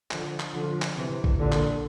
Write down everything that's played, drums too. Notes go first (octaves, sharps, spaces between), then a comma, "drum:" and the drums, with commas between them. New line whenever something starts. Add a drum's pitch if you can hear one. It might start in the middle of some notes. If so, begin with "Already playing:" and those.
D3 F3, drum: clap
drum: clap
D3 F3
drum: clap
C3 E3
drum: kick
A#2 D3
drum: clap